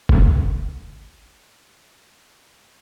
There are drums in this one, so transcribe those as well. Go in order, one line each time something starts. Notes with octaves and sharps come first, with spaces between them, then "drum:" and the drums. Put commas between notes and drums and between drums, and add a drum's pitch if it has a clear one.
drum: kick
E4 F#4 A#4 F#6 G#6 A#6